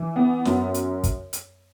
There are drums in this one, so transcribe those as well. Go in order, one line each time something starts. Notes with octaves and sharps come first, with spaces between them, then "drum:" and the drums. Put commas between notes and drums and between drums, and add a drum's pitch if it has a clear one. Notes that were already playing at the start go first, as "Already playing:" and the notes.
Already playing: E3
B3
F#2, drum: snare
drum: hi-hat
drum: kick, hi-hat
drum: hi-hat